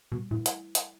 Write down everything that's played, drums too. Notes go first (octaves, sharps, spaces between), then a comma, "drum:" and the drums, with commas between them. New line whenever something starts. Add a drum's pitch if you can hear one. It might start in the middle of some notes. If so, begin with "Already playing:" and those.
B2 G3
A#2 E4
drum: hi-hat
drum: hi-hat